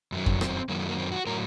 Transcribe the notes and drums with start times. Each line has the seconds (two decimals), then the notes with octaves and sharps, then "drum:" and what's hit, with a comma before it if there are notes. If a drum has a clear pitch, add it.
0.12 F#2 D#3 F#3
0.26 drum: kick F2
0.41 C4, drum: rim click
0.69 F#2 D#3 F#3 A#3
0.79 A3
0.89 A#3
0.98 C4
1.12 F#4
1.27 A2 F#3 A#4